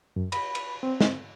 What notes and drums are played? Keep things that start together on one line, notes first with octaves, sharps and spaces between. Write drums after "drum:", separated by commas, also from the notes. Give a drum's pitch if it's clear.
F#2
B5, drum: cymbal
drum: cymbal
C4
drum: snare